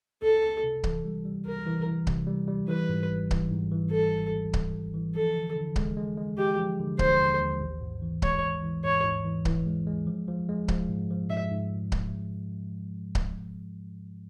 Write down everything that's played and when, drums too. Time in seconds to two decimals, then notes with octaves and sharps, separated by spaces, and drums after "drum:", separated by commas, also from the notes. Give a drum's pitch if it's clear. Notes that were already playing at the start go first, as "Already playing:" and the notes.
0.22 C#2 A4
0.42 C#2
0.63 C3
0.84 E3, drum: kick C#1
1.05 G3
1.25 G3
1.46 C#2 A#4
1.66 E3
1.86 E3
2.07 C3, drum: kick C#1
2.27 G3
2.48 G3
2.68 E3 B4
2.89 G#2
3.10 G#1
3.31 E3, drum: kick C#1
3.51 G#2
3.72 E3
3.91 E3 A4
4.12 G#1
4.33 G#1
4.53 G#1, drum: kick C#1
4.73 G#1
4.94 E3
5.15 F3 A4
5.35 D3
5.56 D3
5.76 G#3, drum: kick C#1
5.97 G#3
6.17 G#3
6.37 G#3 G4
6.59 F3
6.79 D3
6.99 D3 C5, drum: kick C#1
7.20 D#2
7.40 D#2
7.61 A1
7.81 G#2
8.02 E3
8.22 G#3 C#5, drum: kick C#1
8.43 E3
8.63 E3
8.84 G#2 C#5
9.05 G#2
9.24 E3
9.45 E3, drum: kick C#1
9.66 G#3
9.87 G#3
10.07 F3
10.28 F3
10.49 G#3
10.68 F3, drum: kick C#1
10.89 G#2
11.10 F3
11.30 G#2 E5
11.51 G#2
11.92 drum: kick C#1
13.15 drum: kick C#1